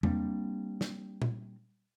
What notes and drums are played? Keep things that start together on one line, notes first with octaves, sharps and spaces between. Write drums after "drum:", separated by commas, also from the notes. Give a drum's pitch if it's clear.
G3 A#3 C4 D4, drum: tom E2
drum: snare
drum: tom A#2